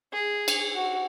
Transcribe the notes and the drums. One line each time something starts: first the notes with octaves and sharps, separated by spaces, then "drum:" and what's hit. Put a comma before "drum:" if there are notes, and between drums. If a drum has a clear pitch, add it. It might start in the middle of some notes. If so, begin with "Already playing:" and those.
G#4
drum: cymbal
F#4